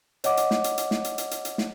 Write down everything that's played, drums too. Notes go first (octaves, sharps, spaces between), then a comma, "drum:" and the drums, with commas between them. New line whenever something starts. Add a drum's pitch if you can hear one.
C#5 D#5 F#5 D6, drum: hi-hat
drum: hi-hat
drum: snare
drum: hi-hat
drum: hi-hat
drum: snare
drum: hi-hat
drum: hi-hat
drum: hi-hat
drum: hi-hat
drum: snare